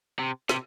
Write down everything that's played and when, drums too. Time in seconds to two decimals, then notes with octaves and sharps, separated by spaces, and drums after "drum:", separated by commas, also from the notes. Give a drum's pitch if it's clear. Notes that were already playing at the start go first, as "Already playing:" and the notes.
0.19 C3
0.49 C3, drum: snare